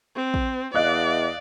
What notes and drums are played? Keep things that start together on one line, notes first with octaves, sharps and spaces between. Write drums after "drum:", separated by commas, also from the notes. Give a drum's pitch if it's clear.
C4
drum: kick
E2 D5 D#5 F5 F#6